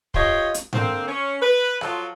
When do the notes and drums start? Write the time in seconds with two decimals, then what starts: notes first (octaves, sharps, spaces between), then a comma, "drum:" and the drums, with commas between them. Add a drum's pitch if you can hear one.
0.14 F4 G4 C5 C#5 D#5, drum: kick
0.54 drum: hi-hat
0.73 D3 A#3 C4, drum: tom G#2
1.07 C#4
1.41 B4
1.81 F3 F#3 F4 A4, drum: rim click